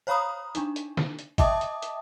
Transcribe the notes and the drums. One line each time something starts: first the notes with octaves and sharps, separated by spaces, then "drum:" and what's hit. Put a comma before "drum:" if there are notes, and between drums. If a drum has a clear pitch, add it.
C5 C#5 F5 A#5 B5 D#6
D4 D#4, drum: hi-hat
drum: hi-hat
drum: snare
drum: hi-hat
D#5 E5 G5 A5 D6 D#6, drum: kick, hi-hat
drum: hi-hat
drum: hi-hat